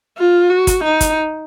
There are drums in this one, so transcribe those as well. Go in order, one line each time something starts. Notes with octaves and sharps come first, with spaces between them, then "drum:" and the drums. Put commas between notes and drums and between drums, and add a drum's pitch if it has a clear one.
F4
F#4
drum: kick, hi-hat
D#4
drum: kick, hi-hat